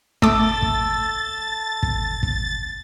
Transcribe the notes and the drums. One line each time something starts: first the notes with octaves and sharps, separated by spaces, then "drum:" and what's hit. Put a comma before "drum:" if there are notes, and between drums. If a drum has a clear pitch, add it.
A3 A4 D6 A6, drum: kick
drum: kick
drum: kick
drum: kick